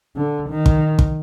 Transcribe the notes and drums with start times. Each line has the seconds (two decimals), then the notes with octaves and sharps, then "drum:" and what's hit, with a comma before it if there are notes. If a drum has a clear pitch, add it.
0.16 D3
0.49 D#3
0.66 drum: kick
0.99 drum: kick